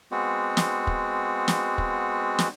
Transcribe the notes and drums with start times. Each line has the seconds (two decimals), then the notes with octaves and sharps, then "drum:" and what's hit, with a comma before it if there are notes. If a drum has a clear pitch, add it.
0.11 G#3 B3 C4 F#4
0.57 drum: snare
0.87 drum: kick
1.48 drum: snare
1.78 drum: kick
2.39 drum: snare